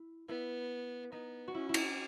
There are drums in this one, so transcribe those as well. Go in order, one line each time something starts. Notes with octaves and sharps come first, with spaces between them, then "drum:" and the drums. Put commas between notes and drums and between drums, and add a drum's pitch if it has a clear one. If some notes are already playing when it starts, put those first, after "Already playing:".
Already playing: E4
B3 E4
B3 D#4
F#4
C#4 E4
E4
D#4, drum: cymbal